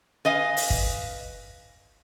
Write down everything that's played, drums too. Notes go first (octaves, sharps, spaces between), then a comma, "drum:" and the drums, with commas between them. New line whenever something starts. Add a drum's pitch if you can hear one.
B4 D#5 F5 G#5
drum: open hi-hat
drum: kick